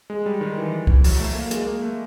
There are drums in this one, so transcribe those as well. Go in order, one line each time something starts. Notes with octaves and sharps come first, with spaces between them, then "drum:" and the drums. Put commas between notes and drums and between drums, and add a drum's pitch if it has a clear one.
G#3
G3
D#3
E3
drum: kick C2
F#3, drum: open hi-hat
A3
A#3
G#3, drum: hi-hat
A#3
A3